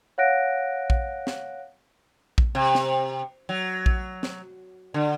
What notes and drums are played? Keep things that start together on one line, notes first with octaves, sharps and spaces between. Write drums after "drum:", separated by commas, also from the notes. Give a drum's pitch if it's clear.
C#5 F5 F#5 F#6 A#6 D7
drum: kick A#1
drum: snare
drum: kick A#1
C3
drum: snare
F#3
drum: kick A#1
drum: snare
D3